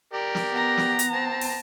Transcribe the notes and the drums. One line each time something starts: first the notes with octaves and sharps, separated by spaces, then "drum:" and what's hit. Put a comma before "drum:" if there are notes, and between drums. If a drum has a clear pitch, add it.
G4 A#4 D5
drum: snare
B3 A#5
drum: snare
drum: hi-hat
C4 A5
drum: open hi-hat